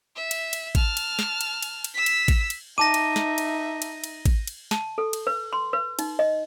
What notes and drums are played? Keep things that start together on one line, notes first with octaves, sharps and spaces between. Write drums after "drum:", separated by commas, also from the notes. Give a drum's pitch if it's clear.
E5
drum: cymbal
drum: cymbal
A5 F6, drum: kick, cymbal
drum: cymbal
drum: snare
drum: cymbal
drum: cymbal
drum: cymbal
E6 B6
drum: cymbal
drum: kick, cymbal
drum: cymbal
D#4 E5 A5 D6 A#6 D#7
drum: cymbal
drum: snare
drum: cymbal
drum: cymbal
drum: cymbal
drum: kick, cymbal
drum: cymbal
A5, drum: snare
A4
drum: cymbal
B4
C6
B4
D#4, drum: cymbal
D#5